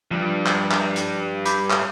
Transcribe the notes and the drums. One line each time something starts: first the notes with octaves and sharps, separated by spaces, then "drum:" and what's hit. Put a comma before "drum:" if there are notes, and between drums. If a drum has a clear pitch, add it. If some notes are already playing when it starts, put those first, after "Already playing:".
G2 F3 G3
drum: clap
drum: clap
drum: hi-hat
B5 D6 G6, drum: hi-hat
drum: clap